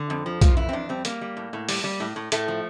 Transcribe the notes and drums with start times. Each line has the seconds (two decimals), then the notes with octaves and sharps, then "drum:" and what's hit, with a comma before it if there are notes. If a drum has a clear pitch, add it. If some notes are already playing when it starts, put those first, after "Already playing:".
Already playing: D3
0.10 F2
0.26 F3
0.41 F2 F4, drum: kick, hi-hat
0.57 E3 E4
0.69 C4
0.73 F2 D4
0.89 G3 C4
1.05 G3 A#3, drum: hi-hat
1.21 G3
1.37 A2
1.53 A2
1.69 G3, drum: open hi-hat
1.84 G3
2.00 A2
2.16 A2
2.32 A2 A3, drum: hi-hat
2.48 F3